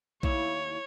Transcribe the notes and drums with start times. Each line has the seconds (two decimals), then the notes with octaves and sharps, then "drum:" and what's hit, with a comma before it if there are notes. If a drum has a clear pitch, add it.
0.23 D#2 E4 C#5, drum: kick A#1